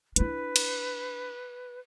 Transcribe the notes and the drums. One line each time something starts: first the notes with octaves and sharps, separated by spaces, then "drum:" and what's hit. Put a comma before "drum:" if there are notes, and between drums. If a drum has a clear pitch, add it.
D4 E4 B4, drum: hi-hat
drum: cymbal